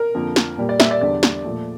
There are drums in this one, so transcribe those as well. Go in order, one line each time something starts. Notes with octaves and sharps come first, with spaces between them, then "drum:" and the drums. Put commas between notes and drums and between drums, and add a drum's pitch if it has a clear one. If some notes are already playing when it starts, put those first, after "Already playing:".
Already playing: A#4
F2 D3 F3 A#3
drum: snare
A#2 G3 A#3
D5
E5, drum: snare
D5
E2 D3 G3 D5
drum: snare
A#2 F3 A3